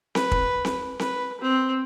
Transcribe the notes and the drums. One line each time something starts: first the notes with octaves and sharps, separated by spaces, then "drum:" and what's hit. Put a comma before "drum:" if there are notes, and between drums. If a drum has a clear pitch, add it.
B4, drum: snare C4
drum: kick
drum: snare C4
B4, drum: snare C4
C4